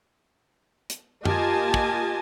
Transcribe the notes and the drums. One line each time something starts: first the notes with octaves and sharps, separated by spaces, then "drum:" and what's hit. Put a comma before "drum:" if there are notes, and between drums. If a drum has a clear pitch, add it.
drum: hi-hat
A#3 F4 G4 D#5 G#5 A5, drum: tom F#2
drum: kick